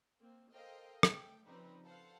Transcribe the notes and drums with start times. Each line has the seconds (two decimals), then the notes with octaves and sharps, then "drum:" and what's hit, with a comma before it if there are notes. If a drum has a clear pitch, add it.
0.21 A#3 C4
0.53 A4 A#4 C5 D#5 F5 G5
1.03 A3 G5, drum: rim click
1.46 C#3 F3 G3 C4 D#4 B4
1.84 A4 C5 F5 F#5